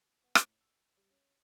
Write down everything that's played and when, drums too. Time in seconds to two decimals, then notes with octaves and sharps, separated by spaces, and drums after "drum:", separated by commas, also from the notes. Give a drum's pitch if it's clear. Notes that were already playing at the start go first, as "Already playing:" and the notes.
0.23 B3
0.35 A2, drum: rim click
0.61 E6
0.97 G3
1.10 C#4